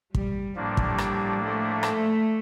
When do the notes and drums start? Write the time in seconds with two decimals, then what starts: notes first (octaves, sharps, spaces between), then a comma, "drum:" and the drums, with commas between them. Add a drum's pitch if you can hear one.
0.15 G3, drum: kick
0.56 A2 F3 G3 A#3 D4
0.77 drum: kick
0.98 drum: rim click
1.41 A3
1.83 drum: rim click